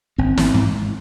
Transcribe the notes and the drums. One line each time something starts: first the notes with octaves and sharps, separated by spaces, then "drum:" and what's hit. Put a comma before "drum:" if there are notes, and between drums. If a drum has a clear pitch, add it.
G#1 C4
drum: snare
G#2